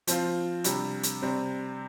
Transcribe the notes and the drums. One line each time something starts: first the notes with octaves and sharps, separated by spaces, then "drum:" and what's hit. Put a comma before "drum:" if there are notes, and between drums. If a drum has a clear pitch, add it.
F3 C4 F4, drum: hi-hat
C3 G3 D4, drum: hi-hat
drum: hi-hat
C3 G3 C4